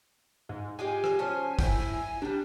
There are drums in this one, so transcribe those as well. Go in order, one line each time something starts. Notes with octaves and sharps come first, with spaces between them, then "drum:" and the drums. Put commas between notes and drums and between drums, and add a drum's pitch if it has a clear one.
G#2
G#3 F4 G4 G#5
drum: rim click
F3 C#4 C5
E4 G5, drum: kick, open hi-hat
F#3 G3 D4